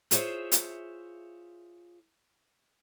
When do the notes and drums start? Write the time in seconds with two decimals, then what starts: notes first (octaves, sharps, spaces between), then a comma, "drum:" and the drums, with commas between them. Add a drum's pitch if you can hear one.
0.11 F4 G#4 C5 C#5 E5, drum: hi-hat
0.52 drum: hi-hat